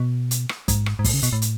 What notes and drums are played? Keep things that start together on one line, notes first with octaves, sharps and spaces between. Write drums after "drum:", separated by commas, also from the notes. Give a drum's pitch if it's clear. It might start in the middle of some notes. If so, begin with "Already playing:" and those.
Already playing: B2
drum: hi-hat
drum: rim click
G#2, drum: kick, hi-hat
drum: rim click
G#2
A2, drum: kick, open hi-hat
C#3
B2, drum: hi-hat
A2
drum: hi-hat